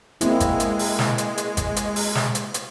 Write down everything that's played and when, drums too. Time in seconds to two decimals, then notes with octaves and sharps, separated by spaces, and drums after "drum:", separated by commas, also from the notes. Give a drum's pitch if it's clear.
0.21 G#3 A#3 C4 E4, drum: hi-hat
0.40 drum: kick G#1, hi-hat
0.60 drum: hi-hat
0.79 drum: open hi-hat
0.99 drum: snare
1.18 drum: hi-hat
1.38 drum: hi-hat
1.57 drum: kick G#1, hi-hat
1.76 drum: hi-hat
1.96 drum: open hi-hat
2.15 drum: snare
2.35 drum: hi-hat
2.54 drum: hi-hat